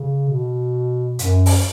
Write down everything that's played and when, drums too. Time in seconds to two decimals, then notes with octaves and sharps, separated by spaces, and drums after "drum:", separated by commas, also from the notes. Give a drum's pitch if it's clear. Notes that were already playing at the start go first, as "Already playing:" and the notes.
Already playing: C#3
0.29 B2
1.19 F#2, drum: hi-hat
1.46 drum: open hi-hat